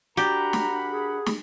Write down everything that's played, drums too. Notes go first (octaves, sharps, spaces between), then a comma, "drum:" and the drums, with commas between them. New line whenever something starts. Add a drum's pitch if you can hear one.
D4 F#4 G4 A#4 F#5 A#5 B5
drum: snare
G#4
drum: snare